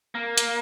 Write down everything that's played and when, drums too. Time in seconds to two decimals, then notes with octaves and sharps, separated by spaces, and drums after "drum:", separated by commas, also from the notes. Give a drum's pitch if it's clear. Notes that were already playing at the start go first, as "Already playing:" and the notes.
0.15 A#3
0.38 drum: hi-hat